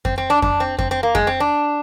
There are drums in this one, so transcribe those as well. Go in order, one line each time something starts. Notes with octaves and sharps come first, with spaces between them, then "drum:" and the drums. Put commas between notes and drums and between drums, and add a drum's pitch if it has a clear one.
C4, drum: kick F2
C4
D4
D4, drum: kick F2
C4
C4, drum: kick F2
C4
A#3
G#3, drum: kick F2
C4
D4